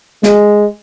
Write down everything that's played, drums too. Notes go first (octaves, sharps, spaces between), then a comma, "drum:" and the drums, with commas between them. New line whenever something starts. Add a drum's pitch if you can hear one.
G#3, drum: snare